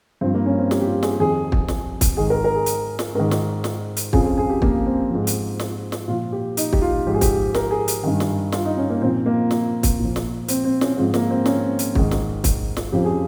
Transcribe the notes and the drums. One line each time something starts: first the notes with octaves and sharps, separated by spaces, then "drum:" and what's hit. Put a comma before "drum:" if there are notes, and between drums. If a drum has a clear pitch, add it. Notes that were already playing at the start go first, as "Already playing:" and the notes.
G2 F3 C4
A#3
C#4
C4
G4, drum: snare
G4
F4
G#4, drum: snare
F2 D#3 G#4
drum: kick
drum: snare
drum: kick, hi-hat
G#2 D#3 G#4
A#4
A#4
G#4
drum: hi-hat
drum: snare
G#2 D#3 A#4
drum: snare
drum: snare
drum: hi-hat
F2 C#3 F3 G#4, drum: kick
G#4
G#4
G4
A#3, drum: kick
C4
G#2 F3
drum: hi-hat
drum: snare
drum: snare
A#2 F3 F4
G4
D#4, drum: hi-hat
G4, drum: kick
F4
G#2 F3 G4
G#4
G4, drum: kick, hi-hat
A#4, drum: snare
G#4
drum: hi-hat
G2 D#3
drum: snare
F4, drum: snare
D#4
C#4
A#3
A#2 F3 C4
A#3
drum: snare
drum: kick, hi-hat
A#2 F3
drum: snare
C4, drum: hi-hat
C4
C#4, drum: snare
G#2 F3 C4
A#3, drum: snare
C4
C#4, drum: snare
drum: hi-hat
G#2 D#3, drum: kick
drum: snare
drum: kick, hi-hat
drum: snare
F2 C#3 F3 G4
G#4